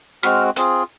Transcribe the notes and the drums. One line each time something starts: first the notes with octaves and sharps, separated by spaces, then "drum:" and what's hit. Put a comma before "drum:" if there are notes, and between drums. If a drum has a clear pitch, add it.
G#3 C4 F#4 F6, drum: rim click
C4 F4 G#4, drum: hi-hat